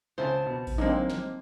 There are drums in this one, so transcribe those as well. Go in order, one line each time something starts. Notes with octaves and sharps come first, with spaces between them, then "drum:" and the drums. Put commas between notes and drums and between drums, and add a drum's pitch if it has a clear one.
C#2 E4 C5 G#5 A5
B2
drum: kick A1, open hi-hat
D3 F#3 G#3 A#3 C4 D#4
drum: snare